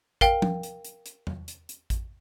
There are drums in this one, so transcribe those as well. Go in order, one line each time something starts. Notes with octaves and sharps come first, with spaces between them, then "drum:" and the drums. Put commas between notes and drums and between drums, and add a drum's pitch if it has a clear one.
A#4 F5 G5, drum: kick A1, hi-hat
drum: tom
drum: hi-hat
drum: hi-hat
drum: hi-hat
drum: tom E2
drum: hi-hat
drum: hi-hat
drum: kick A1, hi-hat